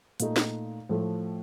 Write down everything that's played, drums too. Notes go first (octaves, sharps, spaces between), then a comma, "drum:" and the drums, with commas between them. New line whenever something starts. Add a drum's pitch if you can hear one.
A#2 A3 D#4, drum: hi-hat
drum: snare
A2 F3 A3